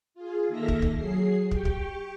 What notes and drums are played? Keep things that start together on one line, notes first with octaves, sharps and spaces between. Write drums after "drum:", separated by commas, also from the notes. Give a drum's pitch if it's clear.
F4 G#4
D#3 A#3 A4 E5 F6 A#6
drum: kick
drum: kick
F#3 G#4 C7
G4 G5 C#6, drum: kick
drum: kick